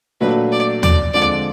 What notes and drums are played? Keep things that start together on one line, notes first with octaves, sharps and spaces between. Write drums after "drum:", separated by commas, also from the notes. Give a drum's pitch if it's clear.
A#2 F#3 A3 D4 B4
D5
D5, drum: tom D#2
D3 F3 G#3 C4 D5